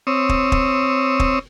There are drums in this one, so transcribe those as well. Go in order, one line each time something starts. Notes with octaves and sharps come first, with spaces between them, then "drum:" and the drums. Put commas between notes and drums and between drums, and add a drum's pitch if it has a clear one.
C4 C#5 D#6 E6
drum: kick
drum: kick
drum: kick